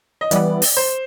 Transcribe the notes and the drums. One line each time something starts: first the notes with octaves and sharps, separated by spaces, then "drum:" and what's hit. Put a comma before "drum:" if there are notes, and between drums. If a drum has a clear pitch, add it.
D#5
E3 G3 B3 D5, drum: hi-hat
drum: open hi-hat
C5